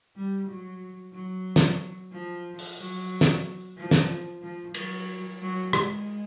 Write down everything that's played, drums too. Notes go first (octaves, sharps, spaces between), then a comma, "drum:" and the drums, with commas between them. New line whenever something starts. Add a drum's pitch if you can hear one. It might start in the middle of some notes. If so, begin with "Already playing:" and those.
G3
F#3
F#3
drum: snare
F3
drum: open hi-hat
F#3
drum: snare
F3
drum: snare
F3
F#3, drum: cymbal
F#3
G#3, drum: rim click